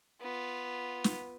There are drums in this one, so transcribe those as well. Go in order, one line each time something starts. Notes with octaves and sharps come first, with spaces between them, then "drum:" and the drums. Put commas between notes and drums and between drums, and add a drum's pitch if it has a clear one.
B3 F4
drum: snare